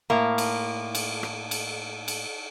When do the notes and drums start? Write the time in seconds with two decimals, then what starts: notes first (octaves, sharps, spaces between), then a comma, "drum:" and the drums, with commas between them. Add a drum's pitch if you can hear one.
0.10 A2 A#3
0.38 drum: cymbal
0.95 drum: cymbal
1.23 drum: rim click
1.51 drum: cymbal
2.08 drum: cymbal